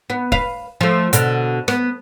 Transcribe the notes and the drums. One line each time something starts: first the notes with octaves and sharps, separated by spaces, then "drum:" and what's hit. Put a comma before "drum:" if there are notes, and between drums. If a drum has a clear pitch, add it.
B3
B4 F5, drum: kick
F3 A3
B2 D3, drum: hi-hat
B3, drum: rim click